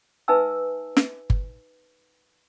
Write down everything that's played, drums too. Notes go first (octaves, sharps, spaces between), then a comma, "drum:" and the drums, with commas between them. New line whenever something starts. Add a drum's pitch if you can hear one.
D#4 B4 E5 G#5 A5 E6
drum: snare
drum: kick G1